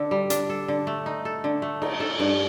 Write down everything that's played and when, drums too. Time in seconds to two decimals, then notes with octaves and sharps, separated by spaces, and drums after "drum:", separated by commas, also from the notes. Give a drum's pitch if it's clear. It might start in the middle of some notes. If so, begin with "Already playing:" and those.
Already playing: D3 D4 A4
0.11 G3
0.30 D4, drum: hi-hat
0.49 A4
0.68 D3
0.87 A3
1.06 D#4
1.25 A4
1.44 D3
1.62 A3
1.82 D#4, drum: cymbal
2.00 A4
2.19 G2